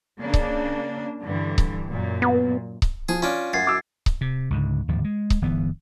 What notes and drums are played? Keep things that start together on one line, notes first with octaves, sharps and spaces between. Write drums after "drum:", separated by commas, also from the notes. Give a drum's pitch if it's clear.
C#3 A#3 D4
drum: kick C#1
G2 D3 E3
drum: kick C#1
F#2 A#2
B3
drum: kick C#1
F3 G#4
C#4 D4 F4
F#2 G#6 A6 C7
F#5 D6 E6
drum: kick C#1
C3
C#2 G#2 D3
D1 D#2 G#2 F3
G#3
drum: kick C#1
G1 E3 B3